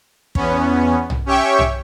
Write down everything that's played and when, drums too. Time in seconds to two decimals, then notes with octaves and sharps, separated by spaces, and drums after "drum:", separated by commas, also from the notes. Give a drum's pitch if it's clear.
0.35 E2 B3 C#4, drum: kick
1.10 drum: tom
1.26 C#4 G4 C#5 E5 G5 C#6
1.59 drum: tom